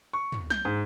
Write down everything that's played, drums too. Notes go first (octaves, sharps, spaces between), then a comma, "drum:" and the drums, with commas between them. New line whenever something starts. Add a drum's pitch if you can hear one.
C#6
drum: tom
G6, drum: snare
G#2